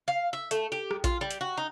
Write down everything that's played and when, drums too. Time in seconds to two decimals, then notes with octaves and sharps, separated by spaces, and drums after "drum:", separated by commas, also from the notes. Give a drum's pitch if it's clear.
0.08 F5
0.33 E5
0.51 A3, drum: hi-hat
0.72 G4
0.91 drum: rim click
1.04 F4, drum: kick A#1, hi-hat
1.21 G3
1.31 drum: hi-hat
1.41 F#4
1.57 D#4